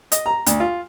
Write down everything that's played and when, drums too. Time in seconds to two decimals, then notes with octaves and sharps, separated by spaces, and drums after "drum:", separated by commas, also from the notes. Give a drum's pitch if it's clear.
0.12 D#5, drum: hi-hat
0.26 A#5
0.46 D2, drum: hi-hat
0.60 F4